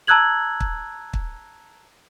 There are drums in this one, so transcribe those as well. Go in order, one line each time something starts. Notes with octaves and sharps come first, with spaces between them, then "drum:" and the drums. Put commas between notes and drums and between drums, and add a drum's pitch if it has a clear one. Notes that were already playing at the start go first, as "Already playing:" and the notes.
A5 A#5 E6 F#6 G#6 F#7
drum: kick
drum: kick